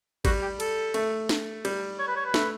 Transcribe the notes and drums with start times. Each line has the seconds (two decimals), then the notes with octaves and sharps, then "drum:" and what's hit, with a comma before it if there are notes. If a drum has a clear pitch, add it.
0.25 G3 F#4, drum: kick, cymbal
0.42 G4
0.60 A4, drum: cymbal
0.94 A3, drum: cymbal
1.29 drum: snare
1.65 G3, drum: cymbal
1.99 C#5
2.08 B4
2.16 C#5
2.25 B4
2.34 A3, drum: snare